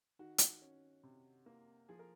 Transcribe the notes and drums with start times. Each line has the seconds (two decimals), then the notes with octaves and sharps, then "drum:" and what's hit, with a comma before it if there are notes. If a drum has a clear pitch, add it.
0.19 D#3 F#4
0.38 drum: hi-hat
0.62 C#4
1.03 C3
1.46 A#3
1.89 F3 G#4
1.99 A#4